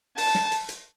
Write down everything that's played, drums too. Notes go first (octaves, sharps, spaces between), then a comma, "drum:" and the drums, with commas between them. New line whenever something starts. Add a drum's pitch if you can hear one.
A5, drum: open hi-hat
drum: snare
drum: hi-hat
drum: hi-hat